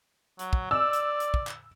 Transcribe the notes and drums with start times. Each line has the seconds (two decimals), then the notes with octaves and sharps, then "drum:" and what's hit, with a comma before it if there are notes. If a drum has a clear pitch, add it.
0.39 F#3, drum: hi-hat
0.53 drum: kick
0.71 D5 E6
0.93 drum: hi-hat
1.20 drum: hi-hat
1.34 drum: kick
1.47 drum: clap